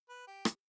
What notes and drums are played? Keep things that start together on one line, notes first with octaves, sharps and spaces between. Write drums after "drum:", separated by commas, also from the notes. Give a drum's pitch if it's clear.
B4
G4
drum: rim click